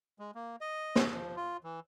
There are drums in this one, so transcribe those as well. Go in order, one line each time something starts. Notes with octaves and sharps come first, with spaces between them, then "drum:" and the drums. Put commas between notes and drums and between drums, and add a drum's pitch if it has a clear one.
G#3
A#3
D#5
drum: snare
F3
F4
E3